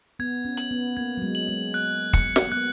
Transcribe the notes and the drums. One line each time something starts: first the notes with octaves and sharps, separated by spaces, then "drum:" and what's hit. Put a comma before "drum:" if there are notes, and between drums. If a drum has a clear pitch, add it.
B3 G#6
C#4
F#7, drum: hi-hat
B3
A#3 G#6
F#3
G#3
F#7
G#3
F#6
C#7, drum: kick
drum: snare
A#3
B3 F#6